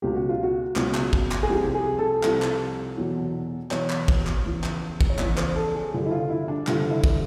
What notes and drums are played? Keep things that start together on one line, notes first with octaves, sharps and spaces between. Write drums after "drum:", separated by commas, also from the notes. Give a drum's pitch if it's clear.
C#2 B2 F#3 G4
F#4
F4
F#4
C#2 B2 F#3, drum: clap
drum: clap
drum: kick
drum: clap
G#4
C2 C3 F3 G4
G#4
A4
C2 C3 F3 A4, drum: clap
drum: clap
E2 B2 F#3
E2 B2 F#3 C#5, drum: clap
drum: clap
drum: kick
drum: clap
E2 C#3 F3
drum: clap
drum: kick
C#5
E2 C#3 F3 D5, drum: clap
C5, drum: clap
A4
G#4
G2 D3 F3
E4
F4
E4
D4
G2 D3 F3, drum: clap
E4
drum: kick